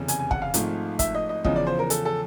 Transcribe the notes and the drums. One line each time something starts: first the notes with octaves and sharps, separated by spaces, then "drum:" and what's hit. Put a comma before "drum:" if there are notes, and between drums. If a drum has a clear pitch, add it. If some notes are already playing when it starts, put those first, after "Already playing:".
Already playing: F1 E2 C#3
G#5, drum: hi-hat
G#5
F#5, drum: kick
F5
G#1 G#2 F3 A3, drum: hi-hat
E5, drum: kick, hi-hat
D#5
D#5
E2 C#3 F3 D#5, drum: kick
D5
C5
A#4
A4, drum: hi-hat
A4